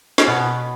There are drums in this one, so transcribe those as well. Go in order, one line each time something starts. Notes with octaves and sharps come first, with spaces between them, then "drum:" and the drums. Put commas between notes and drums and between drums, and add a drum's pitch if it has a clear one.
C#4, drum: snare
B2 B3